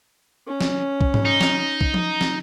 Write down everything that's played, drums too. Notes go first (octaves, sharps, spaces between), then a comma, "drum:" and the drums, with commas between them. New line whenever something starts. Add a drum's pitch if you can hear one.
C#4
drum: snare
drum: kick
drum: tom G#2
D#4
drum: snare
drum: kick
drum: tom F3
drum: snare